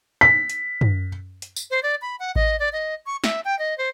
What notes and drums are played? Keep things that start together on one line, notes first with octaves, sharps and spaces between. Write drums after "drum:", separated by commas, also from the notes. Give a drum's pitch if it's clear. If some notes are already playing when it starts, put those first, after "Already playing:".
B6
drum: hi-hat
drum: tom F#2
drum: hi-hat
drum: tambourine
C5
D5
B5
F#5
D#5, drum: kick A1
D5
D#5
C#6
E5, drum: snare
G5
D#5
C5